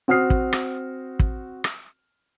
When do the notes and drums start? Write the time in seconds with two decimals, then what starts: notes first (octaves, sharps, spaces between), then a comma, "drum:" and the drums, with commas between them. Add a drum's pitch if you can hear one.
0.08 C4 F#4 D#6 F6 C7
0.30 drum: kick
0.53 drum: rim click
1.19 drum: kick
1.64 drum: rim click